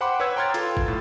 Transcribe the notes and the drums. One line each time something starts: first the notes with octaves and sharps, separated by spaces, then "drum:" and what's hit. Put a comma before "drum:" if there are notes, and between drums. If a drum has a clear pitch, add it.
C5 F#5 G5 B5 C6 D6
B4 C#5 F#5 E6 G#6
G5 A#5 C6 F6 G#6 A6
F4 A4, drum: hi-hat
drum: kick G#1
A2 A6